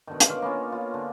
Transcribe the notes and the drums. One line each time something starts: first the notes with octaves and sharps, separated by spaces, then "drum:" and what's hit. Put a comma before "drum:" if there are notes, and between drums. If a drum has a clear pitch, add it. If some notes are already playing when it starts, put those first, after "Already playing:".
B2 D3 D#3
drum: hi-hat
C#5 F5 C6 D6
A#3 B3 C#4 F4
F4
D3